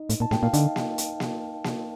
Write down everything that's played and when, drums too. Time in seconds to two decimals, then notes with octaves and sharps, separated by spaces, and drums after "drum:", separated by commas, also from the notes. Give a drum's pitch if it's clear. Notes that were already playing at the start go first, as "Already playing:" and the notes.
Already playing: D#4 D#5
0.10 A2, drum: hi-hat
0.20 A#2 A5
0.31 A2 G5, drum: snare A#3
0.43 A#2 F5
0.53 D3 D#4 D#5, drum: hi-hat
0.76 drum: snare A#3
0.98 drum: hi-hat
1.20 drum: snare A#3
1.64 drum: snare A#3